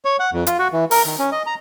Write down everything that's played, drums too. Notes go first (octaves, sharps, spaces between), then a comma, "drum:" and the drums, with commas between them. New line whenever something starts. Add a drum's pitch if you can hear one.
C#5
F#5
F2
F4, drum: hi-hat
F#4
E3
A#4, drum: open hi-hat
D#3
C#4
D#5
A#5